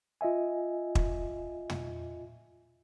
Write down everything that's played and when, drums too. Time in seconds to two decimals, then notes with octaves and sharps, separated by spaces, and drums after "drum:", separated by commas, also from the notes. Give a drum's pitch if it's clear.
0.21 F4 D#5 E5 G#5
0.95 drum: kick
1.70 drum: tom